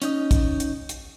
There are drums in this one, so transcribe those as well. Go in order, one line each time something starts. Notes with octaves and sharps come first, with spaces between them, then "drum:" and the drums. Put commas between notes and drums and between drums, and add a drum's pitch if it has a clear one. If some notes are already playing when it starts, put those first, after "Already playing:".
C#4 D#4 D#5, drum: hi-hat
drum: kick, hi-hat
drum: hi-hat
drum: hi-hat